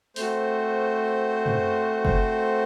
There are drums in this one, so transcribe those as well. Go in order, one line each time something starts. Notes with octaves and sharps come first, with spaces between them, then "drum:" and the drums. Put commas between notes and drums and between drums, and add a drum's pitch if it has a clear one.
A3 C4 F#4 C5, drum: open hi-hat
drum: tom
C5, drum: kick F#1